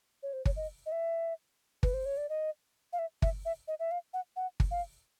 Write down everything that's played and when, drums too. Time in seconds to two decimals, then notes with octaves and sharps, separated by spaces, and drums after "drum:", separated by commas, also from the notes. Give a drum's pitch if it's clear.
0.23 C#5
0.33 C5
0.45 C#5, drum: kick G1
0.56 D#5
0.86 D#5
0.92 E5
1.83 B4, drum: kick G1
1.94 C5
2.06 C#5
2.17 D5
2.29 D#5
2.93 F5
2.99 E5
3.22 E5, drum: kick G1
3.45 E5
3.68 D#5
3.80 E5
3.91 F5
4.13 F#5
4.36 F#5
4.60 drum: kick G1
4.71 F5